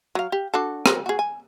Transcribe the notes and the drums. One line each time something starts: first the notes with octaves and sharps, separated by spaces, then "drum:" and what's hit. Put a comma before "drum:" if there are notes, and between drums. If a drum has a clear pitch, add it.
F#3 F5
G4
D4 F#4 A4
F#3 A#4 C5, drum: rim click
F#4 G#4
G#5